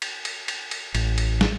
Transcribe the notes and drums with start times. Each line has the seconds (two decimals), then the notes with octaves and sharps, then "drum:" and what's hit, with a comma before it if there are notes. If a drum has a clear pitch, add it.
0.02 drum: cymbal
0.25 drum: cymbal
0.48 drum: cymbal
0.71 drum: cymbal
0.95 A1, drum: cymbal
1.18 drum: cymbal
1.41 drum: snare